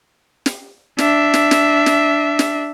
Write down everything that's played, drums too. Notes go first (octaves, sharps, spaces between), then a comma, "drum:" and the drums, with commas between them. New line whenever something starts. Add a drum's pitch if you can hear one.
drum: snare
D4 E5, drum: snare
drum: snare
drum: snare
drum: snare
drum: snare